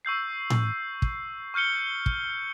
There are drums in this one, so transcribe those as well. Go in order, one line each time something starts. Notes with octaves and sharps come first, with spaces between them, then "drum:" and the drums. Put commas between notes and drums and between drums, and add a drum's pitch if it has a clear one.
C#6 E6 G6 C7
drum: tom A2
drum: kick
C#6 F6 G6 C#7 G7
drum: kick